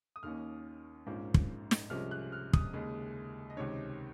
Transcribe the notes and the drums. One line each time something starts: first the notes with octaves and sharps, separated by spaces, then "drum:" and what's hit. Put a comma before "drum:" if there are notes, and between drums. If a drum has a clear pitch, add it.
D#6
D#2 D#3 A#3 C#4 F6
A#1 G#2 F3 A#3 C#4
drum: kick
drum: snare
C2 C3 F3 G#3 C#4 F6
F#6
F6
D#6, drum: kick
D#2 C#3 G#3
D#5
C#2 C3 D#3 C#5